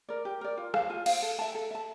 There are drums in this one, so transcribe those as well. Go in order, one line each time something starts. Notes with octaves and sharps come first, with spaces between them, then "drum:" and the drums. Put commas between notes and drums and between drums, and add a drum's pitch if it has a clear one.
A#4 D5
G4
A#4 D5
F4
C5 F5, drum: rim click
F4
C5 F5, drum: cymbal
A4
E5 A5
A4
E5 A5